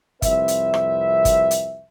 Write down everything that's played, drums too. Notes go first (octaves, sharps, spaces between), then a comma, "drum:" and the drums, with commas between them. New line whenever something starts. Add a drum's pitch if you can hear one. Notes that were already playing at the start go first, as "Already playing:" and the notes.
C2 F2 C4 B4 E5, drum: kick G1, hi-hat
drum: hi-hat
drum: rim click
drum: kick G1, hi-hat
drum: hi-hat